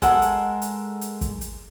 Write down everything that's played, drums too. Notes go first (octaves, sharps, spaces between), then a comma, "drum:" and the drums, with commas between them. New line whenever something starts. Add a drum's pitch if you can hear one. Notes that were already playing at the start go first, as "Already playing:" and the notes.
G#3 A4 A#4 F#5, drum: kick, hi-hat
drum: hi-hat
drum: hi-hat
drum: hi-hat
drum: kick, hi-hat
drum: hi-hat